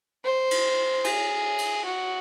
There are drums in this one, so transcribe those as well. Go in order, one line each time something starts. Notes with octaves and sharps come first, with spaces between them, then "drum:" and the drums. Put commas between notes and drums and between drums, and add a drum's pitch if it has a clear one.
C5
drum: cymbal
G#4, drum: cymbal
drum: cymbal
F#4